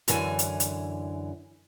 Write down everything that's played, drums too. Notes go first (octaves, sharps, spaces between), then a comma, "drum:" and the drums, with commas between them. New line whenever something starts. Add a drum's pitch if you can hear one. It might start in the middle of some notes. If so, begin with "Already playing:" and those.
F#2 D3 E3 G#5, drum: hi-hat
drum: hi-hat
drum: hi-hat